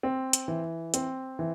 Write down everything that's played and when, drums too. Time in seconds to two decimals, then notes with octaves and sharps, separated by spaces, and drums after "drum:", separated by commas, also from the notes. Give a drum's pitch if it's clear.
0.03 C4
0.33 drum: hi-hat
0.48 E3
0.94 C4, drum: hi-hat
1.39 E3